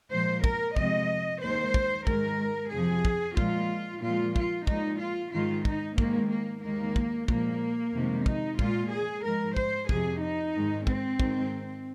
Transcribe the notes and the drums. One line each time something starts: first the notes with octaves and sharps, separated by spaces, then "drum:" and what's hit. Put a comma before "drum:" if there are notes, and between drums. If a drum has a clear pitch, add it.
A#2 F3 G#3 C5
A#4, drum: kick
F2 C3 G#3 D#5, drum: kick
D#2 D#3 G#3 C5
drum: kick
G#2 D#3 G#3 A#4, drum: kick
F2 C3 F3 G#4
drum: kick
A#2 F3 G#3 F4, drum: kick
A#2 F3 G#3 F4
F4, drum: kick
A#2 F3 G#3 D#4, drum: kick
F4
G#2 D#3 G#3 F4
D#4, drum: kick
G#2 D#3 G#3 A#3, drum: kick
A#3
D#2 D#3 G#3 A#3
drum: kick
A#2 F3 G#3 A#3, drum: kick
F2 C3 D#3 G#3
D#4, drum: kick
A#2 G#3 F4, drum: kick
G#4
G#2 F3 G#3 A#4
C5, drum: kick
F2 C3 F3 G#4, drum: kick
D#4
G#2 D#3 G#3
C4, drum: kick
G#2 D#3 G#3, drum: kick